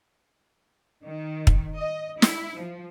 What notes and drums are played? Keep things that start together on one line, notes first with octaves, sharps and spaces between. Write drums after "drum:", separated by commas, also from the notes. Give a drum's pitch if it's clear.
D#3
drum: kick
D#5
E4, drum: snare
F3